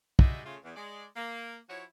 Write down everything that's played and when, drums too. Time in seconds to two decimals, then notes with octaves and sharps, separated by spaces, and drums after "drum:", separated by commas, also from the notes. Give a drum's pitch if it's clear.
0.19 G3 G#3 D#4 F#4 D#5 E5, drum: kick
0.45 C#3 A3 F4
0.64 E2
0.76 G#3 D5
1.16 A#3
1.70 F3 E4 F#4 C#5